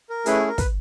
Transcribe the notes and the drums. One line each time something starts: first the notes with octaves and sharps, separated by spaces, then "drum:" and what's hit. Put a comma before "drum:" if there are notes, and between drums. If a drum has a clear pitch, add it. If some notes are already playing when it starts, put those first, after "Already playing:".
A#4
A3 C#4 E4 G#4 B4, drum: hi-hat
A#4
B4, drum: kick, hi-hat